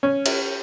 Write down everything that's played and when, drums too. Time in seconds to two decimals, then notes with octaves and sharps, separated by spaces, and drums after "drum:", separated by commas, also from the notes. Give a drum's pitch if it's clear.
0.03 C#4
0.26 drum: cymbal